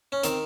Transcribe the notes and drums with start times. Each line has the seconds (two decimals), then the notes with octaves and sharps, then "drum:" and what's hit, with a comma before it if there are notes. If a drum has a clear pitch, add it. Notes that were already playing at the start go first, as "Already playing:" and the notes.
0.12 C#4
0.24 D#3 C4, drum: hi-hat